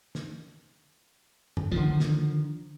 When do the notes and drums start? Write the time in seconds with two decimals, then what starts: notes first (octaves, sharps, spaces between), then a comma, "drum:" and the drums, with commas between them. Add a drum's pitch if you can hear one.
0.15 drum: snare
1.57 drum: tom
1.72 D3 D#3 F3, drum: kick
2.00 drum: snare